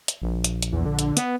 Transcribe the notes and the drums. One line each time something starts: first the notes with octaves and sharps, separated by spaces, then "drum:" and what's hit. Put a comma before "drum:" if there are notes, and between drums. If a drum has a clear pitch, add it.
drum: hi-hat
A#1
drum: hi-hat
drum: hi-hat
E2
D3
drum: hi-hat
B3, drum: hi-hat